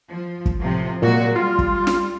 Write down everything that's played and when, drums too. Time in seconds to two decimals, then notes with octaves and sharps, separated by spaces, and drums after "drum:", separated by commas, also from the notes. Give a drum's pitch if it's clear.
0.10 F3
0.46 drum: kick
0.61 A2 C3 F3
1.02 A#2 F#3 G#3 F#4
1.36 G3 F4
1.59 drum: kick
1.87 drum: snare